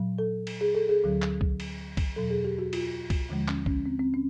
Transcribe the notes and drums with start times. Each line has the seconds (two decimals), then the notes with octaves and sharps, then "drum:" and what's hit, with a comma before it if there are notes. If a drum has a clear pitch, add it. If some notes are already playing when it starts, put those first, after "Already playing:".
Already playing: A#2 F#3
0.18 A4
0.47 drum: cymbal
0.61 G#4
0.75 A4
0.89 G#4
1.04 D2 D3 F#3
1.22 drum: clap
1.41 drum: kick C2
1.60 drum: cymbal
1.97 drum: kick C2, cymbal
2.16 E2 B2 F#3 A4
2.30 G#4
2.44 G4
2.59 F#4
2.73 F4, drum: cymbal
3.10 drum: kick C2, cymbal
3.29 D#2 D3 F3 G#3
3.48 C#4, drum: clap
3.66 C#4, drum: kick C2
3.86 C4
3.99 C4
4.14 C#4